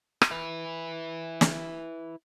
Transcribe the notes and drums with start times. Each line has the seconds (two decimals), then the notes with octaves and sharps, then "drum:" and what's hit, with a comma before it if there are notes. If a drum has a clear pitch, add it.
0.22 drum: rim click
0.31 E4 B4
1.41 drum: snare